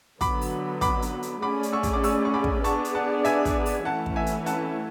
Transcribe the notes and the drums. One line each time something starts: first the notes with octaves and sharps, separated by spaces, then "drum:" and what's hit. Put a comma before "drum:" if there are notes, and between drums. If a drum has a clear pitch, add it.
D3 F#3 B3 B5 D6, drum: kick, hi-hat
drum: open hi-hat
B5 D6, drum: kick, hi-hat
drum: hi-hat
drum: hi-hat
A3 C#4 G#4 D5 B5 D6
drum: hi-hat
C#6 E6
drum: kick, hi-hat
D6
C#6 E6, drum: open hi-hat
C#6
B5 D6
drum: kick
B3 D4 G#4 D5 A5 C#6, drum: hi-hat
drum: hi-hat
F#5 A5
E5 G#5, drum: hi-hat
drum: kick, hi-hat
drum: open hi-hat
E3 A3 C#4 E4 F#5 A5
drum: kick
E5 G#5
drum: hi-hat
F#5 A5, drum: hi-hat